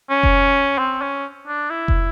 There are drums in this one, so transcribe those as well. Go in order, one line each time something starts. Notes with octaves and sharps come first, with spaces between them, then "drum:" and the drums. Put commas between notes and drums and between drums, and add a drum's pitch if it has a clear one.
C#4
drum: kick F1
C4
C#4
D4
E4
drum: kick F1